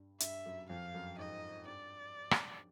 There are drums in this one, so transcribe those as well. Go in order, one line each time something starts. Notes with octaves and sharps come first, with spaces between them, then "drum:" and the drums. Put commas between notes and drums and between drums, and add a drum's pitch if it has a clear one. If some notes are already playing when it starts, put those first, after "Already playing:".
Already playing: G2
G2 E5, drum: hi-hat
F#2
F2 F5
F#2
G#2 D#5
G2 D5
drum: rim click